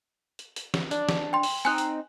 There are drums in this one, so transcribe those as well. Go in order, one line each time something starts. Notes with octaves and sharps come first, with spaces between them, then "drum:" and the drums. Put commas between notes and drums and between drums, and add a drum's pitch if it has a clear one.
drum: hi-hat
drum: hi-hat
drum: snare
D4, drum: hi-hat
drum: snare
G5 C6
drum: open hi-hat
C4 D#4 G#5 F#6
drum: hi-hat